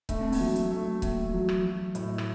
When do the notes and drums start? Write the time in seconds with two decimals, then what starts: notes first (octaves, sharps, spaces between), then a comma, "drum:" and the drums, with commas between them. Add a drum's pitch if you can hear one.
0.09 A3 D4, drum: kick C#1, hi-hat
0.21 C4
0.32 A#3 D4, drum: open hi-hat
0.40 F#3
0.56 drum: hi-hat
0.71 A3
1.02 A3 A#3, drum: kick C#1, hi-hat
1.33 F#3
1.49 drum: rim click
1.64 F#3
1.95 A2, drum: hi-hat
2.18 drum: rim click